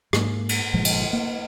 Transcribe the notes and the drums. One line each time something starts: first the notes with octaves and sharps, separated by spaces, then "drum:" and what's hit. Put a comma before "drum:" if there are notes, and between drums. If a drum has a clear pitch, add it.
G#2 A#3, drum: rim click
drum: cymbal
G1 A#2 F3 G#3
drum: cymbal
A#3